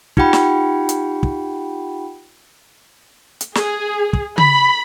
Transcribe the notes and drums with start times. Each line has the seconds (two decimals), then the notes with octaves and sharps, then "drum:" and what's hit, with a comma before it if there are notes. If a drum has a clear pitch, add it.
0.17 D#4 F4 G4 F#5 G5 B5, drum: kick
0.33 drum: snare
0.89 drum: hi-hat
1.23 drum: kick
3.41 drum: hi-hat
3.55 G#4, drum: snare
4.13 drum: kick
4.38 B5, drum: tom C#3